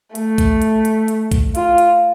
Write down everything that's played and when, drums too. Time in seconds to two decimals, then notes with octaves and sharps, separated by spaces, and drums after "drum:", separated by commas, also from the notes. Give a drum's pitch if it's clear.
0.15 A3, drum: hi-hat
0.38 drum: kick A#1, hi-hat
0.62 drum: hi-hat
0.85 drum: hi-hat
1.08 drum: hi-hat
1.32 drum: kick A#1, hi-hat
1.55 F4, drum: hi-hat
1.78 drum: hi-hat